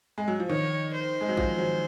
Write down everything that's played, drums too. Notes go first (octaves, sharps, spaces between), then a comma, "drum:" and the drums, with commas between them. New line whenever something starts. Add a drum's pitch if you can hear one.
G#3
F#3
F3
D#3 C#5
C5
G#3
F#3
F3, drum: kick G#1
F#3